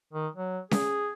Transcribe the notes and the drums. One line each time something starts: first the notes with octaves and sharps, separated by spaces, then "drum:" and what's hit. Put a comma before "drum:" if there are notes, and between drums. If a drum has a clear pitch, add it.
D#3
F#3
G#4, drum: snare C#4